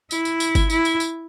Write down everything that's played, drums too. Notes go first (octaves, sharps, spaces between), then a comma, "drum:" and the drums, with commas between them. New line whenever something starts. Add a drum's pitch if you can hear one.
E4, drum: tambourine
drum: tambourine
drum: tambourine
drum: kick G1, tambourine
E4, drum: tambourine
drum: tambourine
drum: tambourine